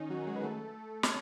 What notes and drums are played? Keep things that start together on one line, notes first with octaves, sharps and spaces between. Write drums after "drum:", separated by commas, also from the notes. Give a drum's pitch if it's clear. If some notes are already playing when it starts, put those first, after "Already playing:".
Already playing: D#3 C#4 D#4
F#3 F#4
G#3 G#4
B4
A3 A4
C#5, drum: snare